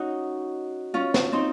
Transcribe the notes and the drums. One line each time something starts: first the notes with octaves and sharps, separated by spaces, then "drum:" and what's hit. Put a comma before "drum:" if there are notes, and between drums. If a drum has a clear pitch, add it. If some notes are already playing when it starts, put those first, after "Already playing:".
Already playing: C#4 D#4 F#4
C#4 F4
drum: snare
C4 D#4